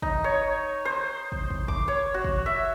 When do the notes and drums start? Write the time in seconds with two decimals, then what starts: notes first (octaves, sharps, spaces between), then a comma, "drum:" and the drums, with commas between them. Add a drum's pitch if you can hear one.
0.02 D#4, drum: kick
0.24 C#5
0.85 C5
1.32 drum: kick
1.50 drum: kick
1.68 D6, drum: kick
1.88 C#5
2.14 F#4
2.25 drum: kick
2.46 E5